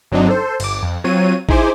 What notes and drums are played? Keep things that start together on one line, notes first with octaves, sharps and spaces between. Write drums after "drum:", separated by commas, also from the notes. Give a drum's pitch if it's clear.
G1 F#3 C4 D4 D#4
A4 C5
G1 D6, drum: cymbal
F2
F#3 C4 F4 C#5 D#7
D#4 E4 G#4 C5 G#5 D6, drum: kick